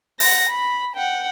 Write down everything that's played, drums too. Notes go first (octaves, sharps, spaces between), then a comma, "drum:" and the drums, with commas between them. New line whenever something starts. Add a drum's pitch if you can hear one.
F#5 A#6, drum: open hi-hat
B5
F#5 G5